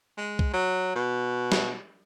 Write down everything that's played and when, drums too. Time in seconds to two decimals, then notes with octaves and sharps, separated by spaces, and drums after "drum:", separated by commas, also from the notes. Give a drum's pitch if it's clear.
0.18 G#3
0.39 drum: kick C2
0.53 F#3
0.95 B2
1.52 drum: snare